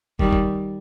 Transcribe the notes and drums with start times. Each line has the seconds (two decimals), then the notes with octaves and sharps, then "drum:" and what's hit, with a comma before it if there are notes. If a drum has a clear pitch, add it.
0.19 D#3 G3, drum: kick
0.33 drum: kick